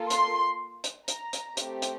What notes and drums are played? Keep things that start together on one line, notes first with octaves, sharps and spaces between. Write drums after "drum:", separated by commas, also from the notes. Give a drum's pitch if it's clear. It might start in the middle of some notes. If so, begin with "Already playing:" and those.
Already playing: A#3 F4 A4
C6, drum: hi-hat
drum: hi-hat
A#5, drum: hi-hat
drum: hi-hat
A3 C4 G4, drum: hi-hat
drum: hi-hat